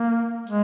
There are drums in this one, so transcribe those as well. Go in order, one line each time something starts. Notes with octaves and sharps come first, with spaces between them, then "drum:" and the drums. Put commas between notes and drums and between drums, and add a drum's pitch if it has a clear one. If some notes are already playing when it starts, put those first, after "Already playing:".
Already playing: A#3
G#3, drum: hi-hat